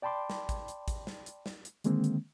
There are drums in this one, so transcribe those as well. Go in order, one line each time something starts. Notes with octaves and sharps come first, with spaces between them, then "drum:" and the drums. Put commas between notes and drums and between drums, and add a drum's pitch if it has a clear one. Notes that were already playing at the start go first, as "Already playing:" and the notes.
D5 G5 A5 B5 C6 D6
drum: snare
drum: kick, hi-hat
drum: hi-hat
drum: kick, hi-hat
drum: snare
drum: hi-hat
drum: snare
drum: hi-hat
D3 D#3 G#3 A#3 C4, drum: hi-hat
drum: hi-hat